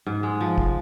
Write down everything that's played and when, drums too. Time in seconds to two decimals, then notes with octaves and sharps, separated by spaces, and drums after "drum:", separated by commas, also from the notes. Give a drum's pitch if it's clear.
0.06 G#2
0.23 G#3
0.41 F3
0.58 drum: kick